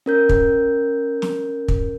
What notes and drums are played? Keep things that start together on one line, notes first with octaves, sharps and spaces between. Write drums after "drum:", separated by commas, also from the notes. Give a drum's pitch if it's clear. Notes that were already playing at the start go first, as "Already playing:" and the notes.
C#4 A#4 G6
drum: kick
drum: snare
drum: kick